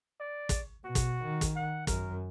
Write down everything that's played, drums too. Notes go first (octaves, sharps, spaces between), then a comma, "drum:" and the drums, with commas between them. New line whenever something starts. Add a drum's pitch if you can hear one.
D5
drum: kick, hi-hat
B2 F#4
drum: kick, hi-hat
D#3
drum: kick, hi-hat
F#5
F#2 A#4, drum: kick, hi-hat